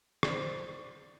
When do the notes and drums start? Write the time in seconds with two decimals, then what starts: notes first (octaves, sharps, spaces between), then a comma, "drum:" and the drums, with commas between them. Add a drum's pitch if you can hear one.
0.23 C5 D5, drum: rim click